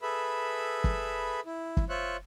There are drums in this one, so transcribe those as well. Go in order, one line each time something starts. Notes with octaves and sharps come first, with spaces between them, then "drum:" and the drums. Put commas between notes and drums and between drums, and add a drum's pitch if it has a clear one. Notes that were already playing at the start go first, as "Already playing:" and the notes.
G#4 A4 B4 E5 B5
drum: kick
E4
drum: kick
F4 C5 C#5 E5 F#6